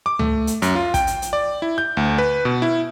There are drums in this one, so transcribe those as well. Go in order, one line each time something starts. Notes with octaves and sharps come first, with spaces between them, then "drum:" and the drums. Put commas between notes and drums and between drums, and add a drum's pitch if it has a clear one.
D6
A3, drum: tom C#2
drum: hi-hat
F#2, drum: hi-hat
F4
G5, drum: kick, hi-hat
drum: hi-hat
drum: hi-hat
D5
E4
G6
D2
B4
B2
E4